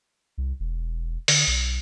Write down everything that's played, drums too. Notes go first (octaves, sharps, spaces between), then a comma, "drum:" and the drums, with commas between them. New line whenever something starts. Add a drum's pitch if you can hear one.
C2
E1
D3, drum: open hi-hat
B1